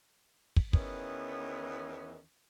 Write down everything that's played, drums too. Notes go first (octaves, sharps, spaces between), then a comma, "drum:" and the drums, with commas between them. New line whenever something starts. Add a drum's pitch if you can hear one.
drum: kick
E2 D#3 E3 B3 C#4, drum: kick